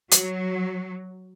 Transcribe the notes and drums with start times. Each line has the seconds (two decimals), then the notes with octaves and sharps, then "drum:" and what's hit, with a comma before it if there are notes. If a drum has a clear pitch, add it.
0.12 F#3, drum: hi-hat